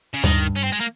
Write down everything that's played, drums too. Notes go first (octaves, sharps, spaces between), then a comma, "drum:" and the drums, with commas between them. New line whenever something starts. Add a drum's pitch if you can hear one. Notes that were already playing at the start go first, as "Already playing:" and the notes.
C#3
G2 D#3, drum: tom D2
C#4
C4
G#3
A#3